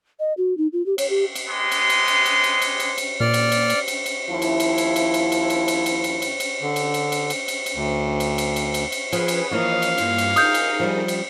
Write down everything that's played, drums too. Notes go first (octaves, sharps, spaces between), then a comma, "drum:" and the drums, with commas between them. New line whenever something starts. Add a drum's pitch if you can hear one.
D#5
F#4
D#4
F4
G4
C#5, drum: cymbal
G4
drum: cymbal
G#3 B3 G4 C6
drum: cymbal
drum: cymbal
drum: cymbal
drum: cymbal
drum: cymbal
drum: cymbal
drum: cymbal
drum: cymbal
A#2 D5 F6
drum: cymbal
drum: cymbal
drum: cymbal
drum: cymbal
drum: cymbal
D#2 F3 E4
drum: cymbal
drum: cymbal
drum: cymbal
drum: cymbal
drum: cymbal
drum: cymbal
drum: cymbal
drum: cymbal
drum: cymbal
drum: cymbal
drum: cymbal
drum: cymbal
D3
drum: cymbal
drum: cymbal
drum: cymbal
drum: cymbal
drum: cymbal
drum: cymbal
D2
drum: cymbal
drum: cymbal
drum: cymbal
drum: cymbal
drum: cymbal
F3 G#4 B4, drum: cymbal
drum: cymbal
E3 F3 A#3 C#5 D#5 F5 D#6
drum: cymbal
G2 A#3 F4, drum: cymbal
drum: cymbal
D#4 G#4 A#4 D#6 G6, drum: cymbal
drum: cymbal
F3 G3
drum: cymbal